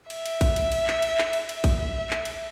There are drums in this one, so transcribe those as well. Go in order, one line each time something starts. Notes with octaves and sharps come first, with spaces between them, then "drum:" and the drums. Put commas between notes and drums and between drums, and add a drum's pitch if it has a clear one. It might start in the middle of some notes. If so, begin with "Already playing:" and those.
E5, drum: cymbal
drum: cymbal
drum: kick A#1, cymbal
drum: cymbal
drum: cymbal
drum: clap
drum: cymbal
drum: clap
drum: cymbal
E5, drum: cymbal
drum: kick A#1, cymbal
drum: clap
drum: cymbal